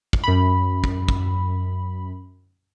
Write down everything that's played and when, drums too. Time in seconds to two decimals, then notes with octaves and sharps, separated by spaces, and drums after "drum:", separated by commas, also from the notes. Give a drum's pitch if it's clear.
0.13 drum: kick
0.24 F#2 B5
0.84 drum: kick
1.09 drum: kick